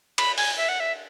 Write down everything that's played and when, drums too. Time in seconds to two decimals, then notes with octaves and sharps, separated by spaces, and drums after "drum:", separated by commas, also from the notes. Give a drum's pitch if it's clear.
0.18 B5, drum: cymbal
0.38 G#5, drum: open hi-hat
0.57 E5
0.69 F#5
0.80 E5